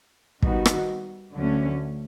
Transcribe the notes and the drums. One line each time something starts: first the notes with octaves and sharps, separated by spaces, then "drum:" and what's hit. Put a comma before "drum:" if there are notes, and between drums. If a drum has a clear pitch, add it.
D#3 G3 B3 D#4 F#4, drum: kick
drum: rim click
D2 D3 F#3 A3 C#4